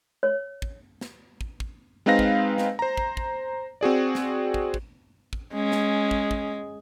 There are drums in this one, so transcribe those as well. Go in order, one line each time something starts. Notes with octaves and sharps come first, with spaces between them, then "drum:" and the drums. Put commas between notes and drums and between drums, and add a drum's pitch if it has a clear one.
C#5
drum: kick
drum: snare
drum: kick
drum: kick
G#3 C4 D#4 B4 F5 A#6
drum: kick
drum: snare
C5 A#5
drum: kick
drum: kick
C4 F#4 G#4 D5
drum: snare
drum: kick
drum: kick
drum: kick
G#3 C#4
drum: snare
drum: kick
drum: kick